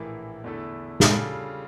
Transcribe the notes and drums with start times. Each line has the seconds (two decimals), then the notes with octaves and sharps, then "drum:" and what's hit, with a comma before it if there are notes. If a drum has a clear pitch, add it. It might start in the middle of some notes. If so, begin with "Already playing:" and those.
Already playing: A#1 A2 E3 A#3 E4
0.44 E2 D3 A3 E4 A4
1.00 C#3 G3 D4 F4 A4, drum: snare